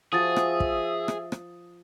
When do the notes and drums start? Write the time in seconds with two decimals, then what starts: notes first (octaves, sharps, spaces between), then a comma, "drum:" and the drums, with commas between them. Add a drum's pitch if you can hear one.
0.13 F3 F#4 G#4 E5 D#6 A6
0.36 drum: rim click
0.60 drum: kick
1.08 drum: rim click
1.32 drum: rim click